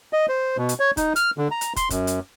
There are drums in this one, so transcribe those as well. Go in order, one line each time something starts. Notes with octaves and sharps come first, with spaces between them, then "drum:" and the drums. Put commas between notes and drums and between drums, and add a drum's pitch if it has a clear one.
D#5
C5
B2
drum: hi-hat
C#5
D#4, drum: kick, hi-hat
F6, drum: hi-hat
D3
A#5
drum: hi-hat
C6, drum: kick, hi-hat
F#2, drum: kick, hi-hat
drum: hi-hat